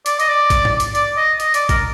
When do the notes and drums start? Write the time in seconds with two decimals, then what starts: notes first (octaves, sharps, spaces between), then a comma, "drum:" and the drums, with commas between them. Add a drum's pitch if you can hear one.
0.06 D5, drum: hi-hat
0.20 D#5, drum: hi-hat
0.28 D5
0.50 drum: kick A1, hi-hat
0.65 drum: tom G#2
0.80 drum: hi-hat
0.95 D5, drum: hi-hat
1.17 D#5
1.40 D#5, drum: hi-hat
1.54 D5, drum: hi-hat
1.69 A#4, drum: kick A1, hi-hat